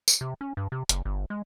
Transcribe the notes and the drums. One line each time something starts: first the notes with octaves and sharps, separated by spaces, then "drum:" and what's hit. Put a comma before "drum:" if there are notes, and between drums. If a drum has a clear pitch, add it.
drum: tambourine
C3
C#4
G2
C3
F#1, drum: hi-hat
G1
G#3